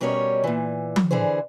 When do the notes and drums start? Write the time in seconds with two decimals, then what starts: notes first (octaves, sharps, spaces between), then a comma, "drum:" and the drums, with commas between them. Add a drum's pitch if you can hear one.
0.01 B2 G3 C#4 A#4 C#5 D#5
0.44 A#2 E3
0.96 drum: tom F3
1.11 D3 E3 G#4 C5